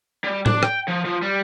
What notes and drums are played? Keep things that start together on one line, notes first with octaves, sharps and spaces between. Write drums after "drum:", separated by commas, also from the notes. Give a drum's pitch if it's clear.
G3
D4, drum: tom A2
G5, drum: rim click
F3
F3
G3